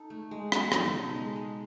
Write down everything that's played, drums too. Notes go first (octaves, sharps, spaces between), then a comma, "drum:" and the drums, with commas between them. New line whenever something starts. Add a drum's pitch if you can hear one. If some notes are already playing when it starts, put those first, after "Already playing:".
Already playing: D#4 A4
A3
G#3
G#3, drum: rim click
E3 D#4, drum: rim click
D#3
C#3
B2 A4
G#3
G#3